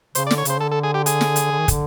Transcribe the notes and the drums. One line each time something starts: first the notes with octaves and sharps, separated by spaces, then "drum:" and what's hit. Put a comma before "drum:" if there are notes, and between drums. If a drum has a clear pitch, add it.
C#3 C5, drum: hi-hat
D5
D3, drum: snare
C#5
C#3 C5, drum: hi-hat
D3 A4
A4
G#4
G4
G#4, drum: hi-hat
drum: snare
drum: hi-hat
D3
D#3
D3, drum: kick, hi-hat